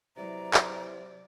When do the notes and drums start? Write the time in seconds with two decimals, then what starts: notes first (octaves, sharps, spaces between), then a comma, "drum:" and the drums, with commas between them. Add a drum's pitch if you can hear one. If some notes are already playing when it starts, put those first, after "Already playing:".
0.17 C3 F#3 E4 B4 D5 E5 A#5
0.54 drum: clap